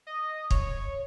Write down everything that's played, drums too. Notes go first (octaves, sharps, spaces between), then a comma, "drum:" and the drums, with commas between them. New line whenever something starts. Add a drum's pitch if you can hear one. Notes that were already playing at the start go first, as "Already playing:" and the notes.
D#5
C#5, drum: kick